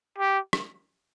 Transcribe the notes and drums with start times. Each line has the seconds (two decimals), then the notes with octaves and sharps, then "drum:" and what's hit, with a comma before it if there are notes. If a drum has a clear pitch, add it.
0.19 G4
0.53 drum: rim click